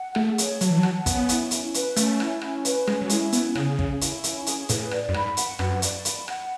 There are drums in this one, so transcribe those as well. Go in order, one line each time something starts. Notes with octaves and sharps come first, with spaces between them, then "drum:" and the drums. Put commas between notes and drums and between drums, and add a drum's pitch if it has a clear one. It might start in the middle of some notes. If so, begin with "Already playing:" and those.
Already playing: F#5
A3 G#4, drum: rim click
C#5, drum: hi-hat
F#3 A5, drum: hi-hat
E3
F#3
F#5, drum: rim click
B3 C#4, drum: kick, hi-hat
E4, drum: hi-hat
C#4, drum: hi-hat
B4, drum: hi-hat
A3 C#4, drum: hi-hat
E4, drum: rim click
C#4, drum: rim click
B4, drum: hi-hat
G#3 C#4, drum: rim click
F#3
G#3 E4, drum: hi-hat
B3 C#4, drum: hi-hat
C#3 G#4, drum: rim click
C#4, drum: kick
E4, drum: hi-hat
C#4, drum: hi-hat
G#4, drum: hi-hat
A2 B4, drum: hi-hat
D5, drum: rim click
F#2
G#2 B5, drum: rim click
F#5, drum: hi-hat
F#2 B4, drum: rim click
D5, drum: hi-hat
B5, drum: hi-hat
F#5, drum: rim click